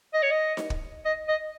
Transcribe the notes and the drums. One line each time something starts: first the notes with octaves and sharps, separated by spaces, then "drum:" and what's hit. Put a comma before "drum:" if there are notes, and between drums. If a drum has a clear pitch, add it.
D#5
C#5
D#5
drum: snare D#4
drum: kick
D#5
D#5